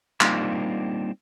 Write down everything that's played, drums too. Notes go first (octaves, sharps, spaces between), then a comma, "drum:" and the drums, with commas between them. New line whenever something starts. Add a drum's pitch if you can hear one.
G3 A#3 C4 D4 D#4 F4, drum: clap